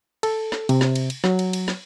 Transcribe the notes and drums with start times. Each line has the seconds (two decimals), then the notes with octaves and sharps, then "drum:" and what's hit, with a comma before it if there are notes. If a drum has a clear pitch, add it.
0.23 A4, drum: cymbal
0.52 drum: snare
0.69 C3, drum: cymbal
0.81 drum: snare
0.95 drum: cymbal
1.10 drum: cymbal
1.24 F#3, drum: snare
1.39 drum: cymbal
1.53 drum: cymbal
1.68 drum: snare